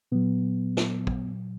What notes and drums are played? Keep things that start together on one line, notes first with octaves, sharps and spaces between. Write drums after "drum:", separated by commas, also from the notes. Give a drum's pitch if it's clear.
A#2 F#3 B3
drum: snare
drum: kick